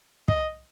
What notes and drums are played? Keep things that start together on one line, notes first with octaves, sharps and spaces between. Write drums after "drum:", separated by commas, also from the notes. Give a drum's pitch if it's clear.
D#5, drum: kick